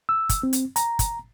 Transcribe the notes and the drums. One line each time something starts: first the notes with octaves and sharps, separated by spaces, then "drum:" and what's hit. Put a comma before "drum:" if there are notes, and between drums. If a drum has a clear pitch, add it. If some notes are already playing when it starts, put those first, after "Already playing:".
E6
drum: kick, hi-hat
C4
drum: hi-hat
A#5, drum: hi-hat
drum: kick, hi-hat